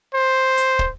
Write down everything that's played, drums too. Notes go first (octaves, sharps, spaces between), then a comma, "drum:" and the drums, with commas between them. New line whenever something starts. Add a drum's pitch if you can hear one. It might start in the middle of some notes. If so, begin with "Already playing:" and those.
C5
drum: hi-hat
drum: kick